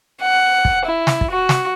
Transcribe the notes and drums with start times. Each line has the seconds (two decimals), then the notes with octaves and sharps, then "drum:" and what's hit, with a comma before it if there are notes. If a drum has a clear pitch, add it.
0.23 F#5
0.65 drum: kick
0.86 E4
1.07 drum: snare
1.21 drum: kick
1.31 F#4
1.49 drum: snare